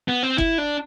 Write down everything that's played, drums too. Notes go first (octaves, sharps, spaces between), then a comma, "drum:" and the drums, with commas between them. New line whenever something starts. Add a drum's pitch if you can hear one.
B3
C4
E4, drum: kick
D4